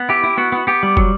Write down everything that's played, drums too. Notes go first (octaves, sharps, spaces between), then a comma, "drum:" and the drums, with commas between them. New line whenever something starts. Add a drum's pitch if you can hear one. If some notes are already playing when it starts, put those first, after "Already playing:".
Already playing: B3
E4 G4
E4
B3 F#4
B3
B3 G4
G3
F#3, drum: kick